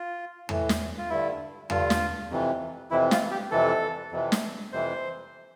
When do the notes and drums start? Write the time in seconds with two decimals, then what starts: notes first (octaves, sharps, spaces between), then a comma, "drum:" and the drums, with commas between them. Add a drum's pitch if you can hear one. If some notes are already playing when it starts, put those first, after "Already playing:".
Already playing: F4
0.49 A2 E3, drum: tom E2
0.69 drum: snare
0.98 F4
1.09 G2 D3 E4
1.70 G2 D3 F4, drum: tom E2
1.90 drum: snare
2.30 F2 C3 E3
2.91 F2 C3 E3 E4
3.11 F4, drum: snare
3.31 G4
3.51 F2 C3 E3 A4
4.12 F2 C3 E3
4.32 drum: snare
4.72 F2 C3 E3 C5